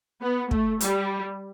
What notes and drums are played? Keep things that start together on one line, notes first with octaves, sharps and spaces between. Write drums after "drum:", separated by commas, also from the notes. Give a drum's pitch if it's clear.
B3
A3, drum: kick
G3, drum: hi-hat